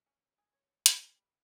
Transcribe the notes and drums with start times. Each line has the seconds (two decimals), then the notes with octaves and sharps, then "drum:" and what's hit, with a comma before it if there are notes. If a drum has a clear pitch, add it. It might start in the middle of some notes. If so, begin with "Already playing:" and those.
0.06 C#4
0.38 G#4
0.53 C#5
0.86 D5, drum: hi-hat
1.16 G3